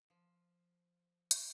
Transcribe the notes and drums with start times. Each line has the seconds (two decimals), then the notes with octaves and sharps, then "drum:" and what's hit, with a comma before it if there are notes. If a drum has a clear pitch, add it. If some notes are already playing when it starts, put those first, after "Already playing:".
0.10 F3
1.31 drum: hi-hat